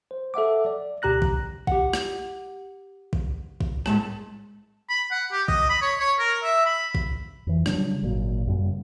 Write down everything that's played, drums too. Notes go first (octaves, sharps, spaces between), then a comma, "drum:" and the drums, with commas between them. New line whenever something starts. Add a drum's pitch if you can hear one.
C5
A4 E5 F#5 D6
D5
D2 B2 G4 A#5 F#6 A#6
drum: kick A#1
G4 F#5, drum: kick A#1
drum: rim click
drum: kick A#1
drum: kick A#1
A2 G#3 A5, drum: rim click
B5
F#5
G4
D#5, drum: kick A#1
B5
C#5
C#5
A#4
E5
B5
drum: kick A#1
F2 E3
C#3 F#3 G3 D4, drum: rim click
G#1 A#2 F#3
F#2 C#3 G3 B3